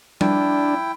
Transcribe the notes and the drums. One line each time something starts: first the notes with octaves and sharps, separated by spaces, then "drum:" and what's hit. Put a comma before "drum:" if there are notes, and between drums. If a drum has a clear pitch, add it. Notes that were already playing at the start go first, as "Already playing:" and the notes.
D4 E4 G5, drum: tom G3